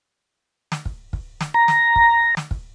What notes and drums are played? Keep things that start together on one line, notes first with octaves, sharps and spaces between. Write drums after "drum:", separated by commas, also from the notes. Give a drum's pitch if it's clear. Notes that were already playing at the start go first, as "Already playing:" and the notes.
drum: snare
drum: kick
drum: kick
drum: snare
A#5
drum: snare
drum: kick
drum: snare
drum: kick